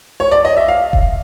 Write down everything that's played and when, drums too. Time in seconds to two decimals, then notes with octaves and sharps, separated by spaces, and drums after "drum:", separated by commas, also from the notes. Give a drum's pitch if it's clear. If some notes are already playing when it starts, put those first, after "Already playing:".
0.20 C#5
0.31 D5
0.45 D#5
0.57 E5
0.68 F5
0.93 drum: kick E1